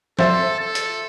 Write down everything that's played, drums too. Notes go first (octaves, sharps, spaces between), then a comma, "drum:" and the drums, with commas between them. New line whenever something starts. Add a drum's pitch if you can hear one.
A4 C5 E5, drum: snare
A4
drum: hi-hat